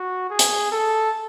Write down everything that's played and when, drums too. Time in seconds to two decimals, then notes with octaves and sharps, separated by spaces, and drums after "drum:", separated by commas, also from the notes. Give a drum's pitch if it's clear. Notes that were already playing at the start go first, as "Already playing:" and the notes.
Already playing: F#4
0.30 G#4
0.39 drum: hi-hat
0.72 A4